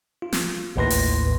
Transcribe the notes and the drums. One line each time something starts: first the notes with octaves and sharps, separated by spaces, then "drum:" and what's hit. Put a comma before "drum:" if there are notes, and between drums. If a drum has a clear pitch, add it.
F4
drum: snare
A1 D#2 A2 B4 C6 A#6
drum: open hi-hat